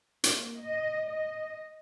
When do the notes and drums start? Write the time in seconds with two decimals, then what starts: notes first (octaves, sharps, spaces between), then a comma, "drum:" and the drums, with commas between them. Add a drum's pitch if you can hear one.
0.24 A#3, drum: hi-hat
0.61 D#5
1.03 D#5